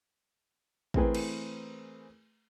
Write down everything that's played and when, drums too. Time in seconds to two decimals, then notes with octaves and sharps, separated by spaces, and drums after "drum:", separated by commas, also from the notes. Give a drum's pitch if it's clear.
0.94 E3 A3 C4 G#4 A#4 B4, drum: kick
1.15 drum: cymbal